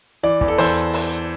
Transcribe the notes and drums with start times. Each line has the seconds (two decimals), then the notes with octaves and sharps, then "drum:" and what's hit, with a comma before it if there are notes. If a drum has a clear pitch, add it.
0.23 E3 D5
0.41 E2, drum: kick
0.48 A4
0.58 E2 C5, drum: open hi-hat
0.93 drum: open hi-hat